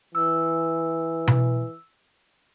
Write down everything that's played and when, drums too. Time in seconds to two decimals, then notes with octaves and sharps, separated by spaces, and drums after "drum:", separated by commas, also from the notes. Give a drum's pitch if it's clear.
0.15 E3 E6
1.27 drum: tom B2